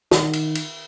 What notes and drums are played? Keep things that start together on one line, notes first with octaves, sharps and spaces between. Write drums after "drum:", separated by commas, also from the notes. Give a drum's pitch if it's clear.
D#3, drum: snare
drum: cymbal
drum: cymbal